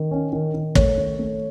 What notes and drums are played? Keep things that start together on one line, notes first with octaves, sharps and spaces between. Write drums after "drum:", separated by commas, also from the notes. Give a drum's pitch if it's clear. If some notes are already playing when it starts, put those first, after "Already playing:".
Already playing: D#3
C#4
D#3
D#3
A3 C#5, drum: kick
D#3
A3